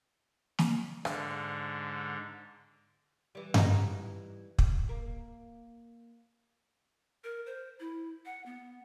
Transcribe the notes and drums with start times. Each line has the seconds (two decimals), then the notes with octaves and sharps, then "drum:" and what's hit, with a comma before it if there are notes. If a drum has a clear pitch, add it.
0.59 drum: snare
1.05 G#2 D3, drum: rim click
3.35 E3 G3
3.54 B3 D#4, drum: tom G2
4.59 drum: kick
4.89 A#3
7.24 A#4
7.46 C5
7.80 E4
8.25 F#5
8.46 B3